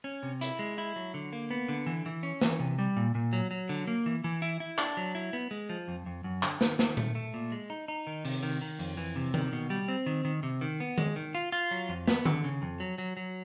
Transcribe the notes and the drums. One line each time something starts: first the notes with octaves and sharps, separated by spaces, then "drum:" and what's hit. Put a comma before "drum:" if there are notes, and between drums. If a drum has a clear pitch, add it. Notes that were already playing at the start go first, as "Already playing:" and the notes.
C#4
C3
E4, drum: hi-hat
G#3
E4
F#3
D3
A#3
B3
D3
E3
E3
C#4
E3, drum: snare
C3
G3
A#2
A#2
F#3
F#3
D3
A#3
E3
E3
E4
E4
D4, drum: clap
F#3
E4
B3
G#3
F3
F2
F2
F#2
D3, drum: clap
D#3, drum: snare
D#3, drum: snare
A3, drum: tom A#2
A3
A#2
G#3
D#4
D#4
D#3
C3, drum: open hi-hat
D#3
D#3
F2, drum: open hi-hat
E3
C3
D#3, drum: tom D#3
B2
G3
C4
D#3
D#3
C3
D#3
B3
G#3, drum: tom D#3
D#3
F4
F4
F#3
F2
B3, drum: snare
D3, drum: tom D#3
C#3
F2
F#3
F#3
F#3